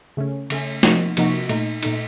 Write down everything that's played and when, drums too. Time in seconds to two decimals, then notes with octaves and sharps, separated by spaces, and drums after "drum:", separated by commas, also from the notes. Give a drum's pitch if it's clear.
0.17 C#3 A3 C#4
0.50 C#3 A3 C#4, drum: cymbal
0.83 C3 F3 A#3 D#4 F#4, drum: snare
1.17 C3 F3 A#3 D#4 F#4, drum: cymbal
1.49 A#2 A3 D#4, drum: cymbal
1.83 A#2 A3 D#4, drum: cymbal